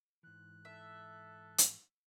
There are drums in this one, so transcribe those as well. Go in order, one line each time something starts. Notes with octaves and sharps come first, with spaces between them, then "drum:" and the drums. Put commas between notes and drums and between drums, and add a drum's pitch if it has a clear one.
G#2 E3 F#6
A4 E5
drum: hi-hat